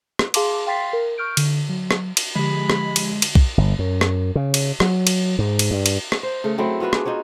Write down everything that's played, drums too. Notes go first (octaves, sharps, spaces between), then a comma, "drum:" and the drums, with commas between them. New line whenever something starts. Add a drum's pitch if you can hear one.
drum: rim click
G#4 F5 A5 C6 D6, drum: cymbal
F5 G5 C6 A6 B6 C7
A#4
C#6 F6 G6 D7
D3, drum: cymbal
F#3
drum: rim click
drum: cymbal
D3 F3 G#3 G4 B5
drum: rim click
drum: cymbal
drum: cymbal
drum: kick
G1
F#2
drum: rim click
C#3
drum: cymbal
F#3, drum: rim click
drum: cymbal
G#2
drum: cymbal
G2
drum: cymbal
drum: rim click
C5
C#3 A3
F#3 A3 C4 E4
B3 F4 F#4 B4
D4 G#4, drum: rim click
D#4 F4 F#4 C#5